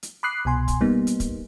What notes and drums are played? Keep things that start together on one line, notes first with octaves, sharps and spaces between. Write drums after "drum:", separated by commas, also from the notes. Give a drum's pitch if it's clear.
drum: hi-hat
B5 D6 D#6 F#6 C7
C2 B2 G#5 C6
drum: kick, hi-hat
G3 A#3 B3 D#4
drum: hi-hat
drum: kick, hi-hat